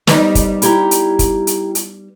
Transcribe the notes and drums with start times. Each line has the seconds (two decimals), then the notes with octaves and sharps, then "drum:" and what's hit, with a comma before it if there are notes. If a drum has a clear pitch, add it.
0.07 G3 B3 D#4, drum: snare
0.35 drum: kick, hi-hat
0.62 E4 G4 A#5, drum: hi-hat
0.91 drum: hi-hat
1.19 drum: kick, hi-hat
1.47 drum: hi-hat
1.75 drum: hi-hat